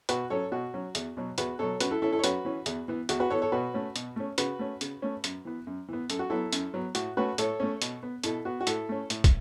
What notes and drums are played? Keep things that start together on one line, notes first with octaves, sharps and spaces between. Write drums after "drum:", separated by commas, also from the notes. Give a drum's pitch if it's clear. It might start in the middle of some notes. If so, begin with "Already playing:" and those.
B2 F#4 B4, drum: hi-hat
F#3 C#4 A4 C#5
B2 F#4
F#3 C#4
E2, drum: hi-hat
B2 F#3
E2 F#4 B4, drum: hi-hat
B2 F#3 A4 C#5
F#2 F#4 B4, drum: hi-hat
E4 A4
E3 C#4 E4 A4
E4 A4
C#5
F#2 F#4 B4, drum: hi-hat
E3 C#4
E2, drum: hi-hat
E3 B3
E2 F#4, drum: hi-hat
F#4 B4
E3 B3 A4 C#5
A4 C#5
B2 F#4 B4
A3 C#4
B2, drum: hi-hat
A3 C#4
C#3 F#4 B4, drum: hi-hat
A3 C#4
C#3, drum: hi-hat
A3 C#4
F#2, drum: hi-hat
E3 B3
F#2
E3 B3
F#2 A4, drum: hi-hat
F#4
F#3 B3 E4 A4
F#2, drum: hi-hat
F#3 B3
A2 F#4, drum: hi-hat
A3 C#4 F#4 B4
A2 A4 C#5, drum: hi-hat
A3 C#4
B2, drum: hi-hat
B3
B2 E4 A4, drum: hi-hat
B3 F#4
F#4
A2 E4 A4, drum: hi-hat
A3 C#4
A2, drum: hi-hat
drum: kick, hi-hat